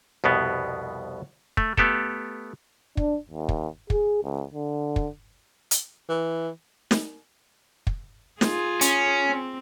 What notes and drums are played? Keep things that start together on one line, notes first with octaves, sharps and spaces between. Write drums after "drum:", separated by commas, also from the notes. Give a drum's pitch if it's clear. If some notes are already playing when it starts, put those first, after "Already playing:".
C2 F2 B2 B3
A3, drum: kick
A3 B3 G4 A4, drum: kick
D4, drum: kick
D#2
drum: kick
G#4, drum: kick
C#2
D3
drum: kick
drum: hi-hat
E3
drum: snare
drum: kick
F4 G#4, drum: snare
C#4, drum: hi-hat
C4